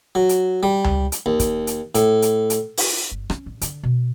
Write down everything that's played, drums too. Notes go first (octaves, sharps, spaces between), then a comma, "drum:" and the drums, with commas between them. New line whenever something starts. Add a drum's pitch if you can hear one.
F#3
drum: hi-hat
G3
drum: tom C#2
drum: hi-hat
D#2
drum: kick, hi-hat
drum: hi-hat
A2, drum: hi-hat
drum: hi-hat
drum: hi-hat
drum: open hi-hat
G1
C#4, drum: rim click
A1
D3, drum: hi-hat
B2